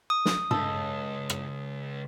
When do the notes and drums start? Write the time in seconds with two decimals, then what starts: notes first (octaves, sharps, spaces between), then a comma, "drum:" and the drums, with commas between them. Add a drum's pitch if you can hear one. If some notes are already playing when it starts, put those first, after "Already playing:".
0.10 D#6
0.25 drum: snare
0.51 C#2 A4, drum: tom G2
1.30 drum: rim click